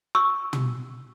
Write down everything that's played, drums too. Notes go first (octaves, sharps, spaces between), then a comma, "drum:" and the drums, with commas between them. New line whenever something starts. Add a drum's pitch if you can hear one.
C#6 E6
drum: tom